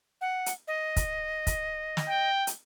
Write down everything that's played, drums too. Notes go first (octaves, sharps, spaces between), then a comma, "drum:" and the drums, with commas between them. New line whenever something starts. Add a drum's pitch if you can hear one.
F#5
drum: hi-hat
D#5
drum: kick, hi-hat
drum: kick, hi-hat
drum: snare
G5
drum: hi-hat